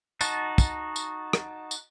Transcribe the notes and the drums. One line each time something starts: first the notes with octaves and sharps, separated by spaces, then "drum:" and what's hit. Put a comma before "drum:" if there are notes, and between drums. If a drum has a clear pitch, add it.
D#4 F#4 A5, drum: tambourine
drum: kick, tambourine
drum: tambourine
drum: rim click
drum: tambourine